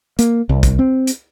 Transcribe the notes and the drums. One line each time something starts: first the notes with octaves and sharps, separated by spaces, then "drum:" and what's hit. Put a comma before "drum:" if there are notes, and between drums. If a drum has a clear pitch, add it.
A#3, drum: hi-hat
C2
drum: kick, hi-hat
C4
drum: hi-hat